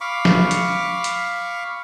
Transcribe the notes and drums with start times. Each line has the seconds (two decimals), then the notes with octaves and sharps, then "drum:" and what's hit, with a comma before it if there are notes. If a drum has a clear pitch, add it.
0.01 F5 B5 C#6 D6
0.25 drum: snare
0.51 drum: hi-hat
1.04 drum: hi-hat